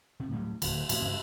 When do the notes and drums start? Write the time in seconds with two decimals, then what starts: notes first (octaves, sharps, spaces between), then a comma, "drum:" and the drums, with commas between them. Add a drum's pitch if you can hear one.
0.20 C3
0.31 A2 F#3 G3
0.62 D1 D3, drum: cymbal
0.89 A2 F3 F#3 B3, drum: cymbal
1.02 G2 C#3 E3 G#3